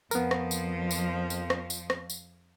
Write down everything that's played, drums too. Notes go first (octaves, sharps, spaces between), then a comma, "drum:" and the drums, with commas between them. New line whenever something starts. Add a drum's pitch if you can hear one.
F2 F3 B3 A#4, drum: tambourine
drum: rim click
drum: tambourine
drum: tambourine
drum: tambourine
drum: rim click
drum: tambourine
drum: rim click
drum: tambourine